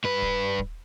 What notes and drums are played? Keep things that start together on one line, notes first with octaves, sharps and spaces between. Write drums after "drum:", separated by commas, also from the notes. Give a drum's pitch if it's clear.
G2 B4
drum: kick
drum: kick